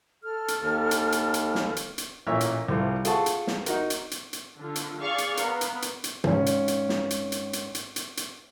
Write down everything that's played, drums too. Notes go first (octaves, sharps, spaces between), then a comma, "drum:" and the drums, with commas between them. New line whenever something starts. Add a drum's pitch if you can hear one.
A4 F6
drum: hi-hat
D#2
drum: hi-hat
drum: hi-hat
drum: hi-hat
drum: snare
drum: hi-hat
drum: hi-hat
A1 A#2 C#5 E5
drum: hi-hat
C2 G3 F4 A4 C5
F4 G#4 A4 F#5 A5 C#6, drum: hi-hat
drum: hi-hat
drum: snare
D#4 F#4 A#4, drum: hi-hat
drum: hi-hat
drum: hi-hat
drum: hi-hat
D3 F4
drum: hi-hat
G#4 D5 F5 C#6
drum: hi-hat
B3 A#4, drum: hi-hat
drum: hi-hat
drum: hi-hat
drum: hi-hat
G#1 C#4, drum: tom
drum: hi-hat
drum: hi-hat
drum: snare
drum: hi-hat
drum: hi-hat
drum: hi-hat
drum: hi-hat
drum: hi-hat
drum: hi-hat